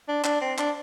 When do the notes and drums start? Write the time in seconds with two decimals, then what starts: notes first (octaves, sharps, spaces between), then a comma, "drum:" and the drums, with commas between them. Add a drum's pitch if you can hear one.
0.08 D4
0.24 D4, drum: clap
0.41 C4
0.58 D4, drum: clap